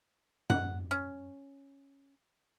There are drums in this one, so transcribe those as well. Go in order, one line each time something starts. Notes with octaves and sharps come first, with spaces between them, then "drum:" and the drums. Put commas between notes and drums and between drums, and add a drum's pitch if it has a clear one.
F#5, drum: tom F#2
C#4